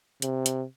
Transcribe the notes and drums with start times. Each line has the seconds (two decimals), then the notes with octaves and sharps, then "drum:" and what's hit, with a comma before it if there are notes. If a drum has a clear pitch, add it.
0.22 C3, drum: hi-hat
0.46 drum: hi-hat